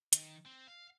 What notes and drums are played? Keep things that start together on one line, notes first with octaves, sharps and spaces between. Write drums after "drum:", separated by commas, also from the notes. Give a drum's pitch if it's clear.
D#3, drum: hi-hat
C4
F5